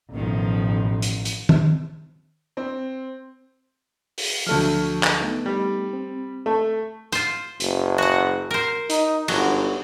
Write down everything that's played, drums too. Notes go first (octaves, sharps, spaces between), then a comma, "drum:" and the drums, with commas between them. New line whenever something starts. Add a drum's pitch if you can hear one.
A1 B2 D#3 F3
drum: hi-hat
drum: hi-hat
drum: tom D#3
C4
drum: open hi-hat
D2 F3 F#3 A3 F6
drum: clap
A3 B3 D#4
G3
C4
A3
F4 C5, drum: hi-hat
F#1, drum: hi-hat
F#4 F#5
A#4 C5
D#4, drum: hi-hat
G1 F#3, drum: cymbal